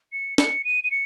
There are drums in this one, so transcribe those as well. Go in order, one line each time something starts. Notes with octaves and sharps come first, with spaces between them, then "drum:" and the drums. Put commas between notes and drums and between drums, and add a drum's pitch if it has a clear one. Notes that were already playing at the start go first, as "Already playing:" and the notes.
C#7
C#7, drum: snare
D#7
D#7
C#7